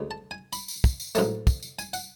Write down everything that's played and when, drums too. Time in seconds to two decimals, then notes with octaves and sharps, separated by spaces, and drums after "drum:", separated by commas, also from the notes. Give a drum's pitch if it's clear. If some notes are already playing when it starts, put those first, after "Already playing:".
Already playing: D2 C#3 G#3
0.11 A5
0.31 G#5
0.53 B5, drum: tambourine
0.68 drum: tambourine
0.84 drum: kick, tambourine
1.00 drum: tambourine
1.15 A1 G#2 F#3 A3 A5, drum: tambourine
1.47 drum: kick, tambourine
1.63 drum: tambourine
1.79 G#5, drum: tambourine
1.93 F#5, drum: tambourine